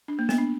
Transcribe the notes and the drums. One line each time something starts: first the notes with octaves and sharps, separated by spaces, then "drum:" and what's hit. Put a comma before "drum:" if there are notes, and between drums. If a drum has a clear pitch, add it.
D4
A#3
B3, drum: snare
D4